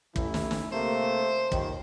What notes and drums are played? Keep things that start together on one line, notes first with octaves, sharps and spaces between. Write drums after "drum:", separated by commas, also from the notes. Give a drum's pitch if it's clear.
A1 E3 E4, drum: kick
drum: snare
drum: snare
C3 A3 A#3 C5
D#2 A#2 D#3, drum: kick